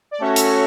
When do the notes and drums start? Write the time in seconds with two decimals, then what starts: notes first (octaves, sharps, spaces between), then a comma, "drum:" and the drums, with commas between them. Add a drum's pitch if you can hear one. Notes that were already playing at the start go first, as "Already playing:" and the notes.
0.11 D5
0.20 A3 C#4 F#4 C#5 E5
0.36 drum: hi-hat